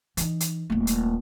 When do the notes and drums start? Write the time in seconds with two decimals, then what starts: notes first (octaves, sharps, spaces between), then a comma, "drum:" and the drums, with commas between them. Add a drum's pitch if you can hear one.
0.17 E3 D#4, drum: hi-hat
0.40 drum: hi-hat
0.70 D#1 A3
0.87 drum: hi-hat